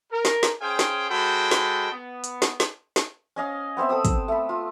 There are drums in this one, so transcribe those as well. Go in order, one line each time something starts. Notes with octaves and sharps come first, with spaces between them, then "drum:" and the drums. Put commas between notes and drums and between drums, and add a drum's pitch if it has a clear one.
A#4
drum: snare
drum: snare
C#4 G#4 C5 F5 G5
drum: snare
G#3 F#4 A4 C5 G5 B5
drum: snare
B3
drum: hi-hat
drum: snare
drum: snare
drum: snare
C#4 D#5 F5
B3 C4 C5 E5
A4 G5 D#6 E6
drum: kick, hi-hat
A3 B5
F4